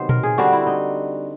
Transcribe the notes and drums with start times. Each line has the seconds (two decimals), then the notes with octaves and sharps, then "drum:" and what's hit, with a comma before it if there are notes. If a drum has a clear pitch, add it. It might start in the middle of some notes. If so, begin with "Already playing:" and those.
Already playing: C3 D#3 F#3 B3 C5
0.09 A#4, drum: tom A#2
0.23 G#4
0.38 D3 G3 C4 F#4
0.52 E4
0.67 D#4